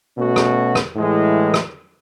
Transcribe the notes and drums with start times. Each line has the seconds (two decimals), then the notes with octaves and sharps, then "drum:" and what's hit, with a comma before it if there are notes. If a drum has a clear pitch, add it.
0.17 B2 A3 C#4 F#4
0.36 drum: rim click
0.75 drum: rim click
0.95 A2 E3 G#3
1.54 drum: rim click